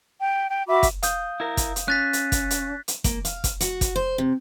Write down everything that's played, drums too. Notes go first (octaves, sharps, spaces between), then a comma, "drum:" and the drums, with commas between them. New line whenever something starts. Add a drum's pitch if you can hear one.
G5
G5
F#4 E5 B5 D6
drum: kick, hi-hat
F5 D#6 G6, drum: hi-hat
E4 A#4
drum: kick, hi-hat
drum: hi-hat
C#4 F#6 A6 B6
drum: hi-hat
drum: kick, hi-hat
drum: hi-hat
drum: hi-hat
A#3, drum: kick, hi-hat
F5, drum: hi-hat
drum: kick, hi-hat
F#4, drum: hi-hat
drum: kick, hi-hat
C5
C3